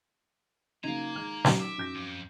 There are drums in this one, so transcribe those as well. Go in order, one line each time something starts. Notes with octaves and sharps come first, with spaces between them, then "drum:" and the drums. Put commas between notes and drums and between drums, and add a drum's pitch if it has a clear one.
C#3 F#3 A#3 D#4 F5 A#5 G#6
D#3 G#3 F6
drum: snare
E5 D6
F#2 G6 A#6
F2